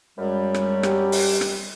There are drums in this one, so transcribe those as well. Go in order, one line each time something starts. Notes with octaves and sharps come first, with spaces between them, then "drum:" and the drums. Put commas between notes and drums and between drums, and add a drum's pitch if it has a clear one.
F#2 G3 G#3
drum: rim click
G4, drum: rim click
drum: open hi-hat
drum: rim click